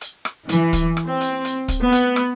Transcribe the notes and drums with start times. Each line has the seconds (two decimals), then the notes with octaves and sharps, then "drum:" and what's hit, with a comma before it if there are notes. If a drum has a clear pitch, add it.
0.01 drum: hi-hat
0.25 drum: rim click
0.49 E3, drum: hi-hat
0.73 drum: kick, hi-hat
0.97 drum: rim click
1.07 C4
1.21 drum: hi-hat
1.44 drum: hi-hat
1.68 drum: kick, hi-hat
1.82 B3
1.92 drum: hi-hat
2.16 drum: rim click